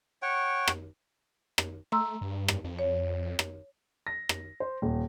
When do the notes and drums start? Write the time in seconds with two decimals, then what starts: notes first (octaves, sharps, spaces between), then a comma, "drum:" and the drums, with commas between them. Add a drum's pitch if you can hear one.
0.22 C#5 F#5 G5 C#6
0.68 drum: rim click
1.58 drum: rim click
1.92 A3 A#5 C6 E6
2.21 G2
2.48 drum: rim click
2.64 F2
2.79 C#5
3.39 drum: rim click
4.07 A#6
4.29 drum: rim click
4.60 C5
4.82 D#1